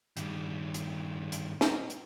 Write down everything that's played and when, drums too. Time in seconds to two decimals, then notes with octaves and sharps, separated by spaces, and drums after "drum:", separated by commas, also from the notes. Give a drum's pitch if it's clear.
0.17 G2 D#3, drum: hi-hat
0.74 drum: hi-hat
1.32 drum: hi-hat
1.61 drum: snare
1.90 drum: hi-hat